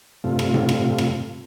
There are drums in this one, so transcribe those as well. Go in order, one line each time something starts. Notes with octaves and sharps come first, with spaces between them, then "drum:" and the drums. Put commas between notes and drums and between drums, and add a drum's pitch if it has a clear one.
G2 C3 A3 F4
drum: rim click
drum: tom A2
drum: rim click
drum: rim click